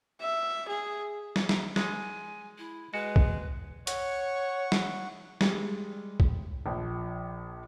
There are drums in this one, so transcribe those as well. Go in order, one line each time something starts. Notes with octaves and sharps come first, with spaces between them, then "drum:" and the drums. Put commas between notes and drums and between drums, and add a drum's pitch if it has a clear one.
E5
G#4
drum: snare
A#5, drum: snare
G#3 G#5, drum: snare
E4
G#3 F#4 B4
drum: kick
C#5 F#5 C#6, drum: hi-hat
drum: snare
G3 G#3, drum: snare
drum: kick
A#1 F3 G5